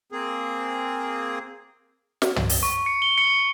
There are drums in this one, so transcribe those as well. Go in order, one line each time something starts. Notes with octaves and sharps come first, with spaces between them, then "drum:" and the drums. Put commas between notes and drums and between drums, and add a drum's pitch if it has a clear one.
A#3 C4 G#4
drum: snare
drum: tom
drum: open hi-hat
C#6
C#7
G7
C#7